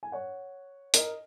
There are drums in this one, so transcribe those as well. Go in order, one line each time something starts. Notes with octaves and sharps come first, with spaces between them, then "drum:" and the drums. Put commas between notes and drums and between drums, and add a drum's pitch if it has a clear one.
G#5
C#5 F#5
A#4 D#5, drum: hi-hat